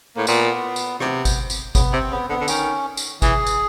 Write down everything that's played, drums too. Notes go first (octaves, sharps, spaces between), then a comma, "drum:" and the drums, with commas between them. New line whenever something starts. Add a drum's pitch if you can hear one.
A2 A#3
A#2 B3, drum: tambourine
drum: tambourine
C3 B3, drum: rim click
drum: kick G#1, tambourine
drum: tambourine
C#3 B3, drum: kick G#1, tambourine
C3 C4
C#3 B3
D3 B3
D3
D#3 C#4, drum: tambourine
drum: tambourine
E3 G#4, drum: kick G#1, tambourine
drum: tambourine